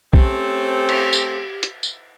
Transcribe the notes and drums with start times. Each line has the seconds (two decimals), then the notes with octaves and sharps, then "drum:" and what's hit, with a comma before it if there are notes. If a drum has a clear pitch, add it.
0.13 A3 C4 C#4 G4, drum: kick
0.89 drum: cymbal
1.13 drum: tambourine
1.63 drum: hi-hat
1.83 drum: tambourine